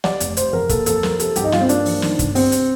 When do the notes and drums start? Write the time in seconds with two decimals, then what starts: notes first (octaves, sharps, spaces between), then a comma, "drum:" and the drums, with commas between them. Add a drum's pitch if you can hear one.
0.04 G3 D5, drum: snare
0.20 F1, drum: hi-hat
0.37 C3 C5, drum: hi-hat
0.53 F2 A#4
0.69 A#3 A4, drum: kick, hi-hat
0.86 F2 A4, drum: hi-hat
1.03 F3 A#4, drum: snare
1.20 C3 A4, drum: hi-hat
1.36 G2 G4, drum: hi-hat
1.44 D#4
1.52 G2 F4, drum: snare
1.61 C4
1.69 A#3 D4, drum: hi-hat
1.86 F3, drum: open hi-hat
2.02 D#3, drum: snare
2.19 G1, drum: kick, hi-hat
2.35 C3 C4, drum: open hi-hat
2.52 drum: hi-hat